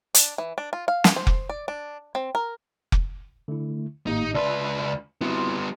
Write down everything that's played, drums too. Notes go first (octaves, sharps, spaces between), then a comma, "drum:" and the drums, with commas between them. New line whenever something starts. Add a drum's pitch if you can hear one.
D4, drum: hi-hat
E3
D4
F4
F5
drum: snare
C5
drum: kick F1
D5
D4
C4
A#4
drum: kick F1
D3 A3 E4
G#1 A2 A#3 D#4 G4
C#2 B4 D5 E5 A5 C6
G3 B3 C4 E4 F#4 C6